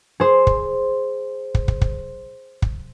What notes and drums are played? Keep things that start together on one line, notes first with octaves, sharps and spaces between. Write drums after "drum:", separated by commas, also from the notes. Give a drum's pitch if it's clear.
G#4 C5
drum: kick
drum: kick
drum: kick
drum: kick
drum: kick